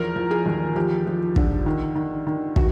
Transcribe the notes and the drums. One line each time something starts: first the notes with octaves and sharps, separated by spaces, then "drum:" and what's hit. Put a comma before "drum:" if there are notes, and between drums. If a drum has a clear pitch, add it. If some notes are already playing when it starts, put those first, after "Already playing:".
Already playing: E2 F3 A#4
F3
G#4
D#2
F3 G4
F3
D3, drum: kick
D#3
D#3
D#3
D#3 F#4, drum: kick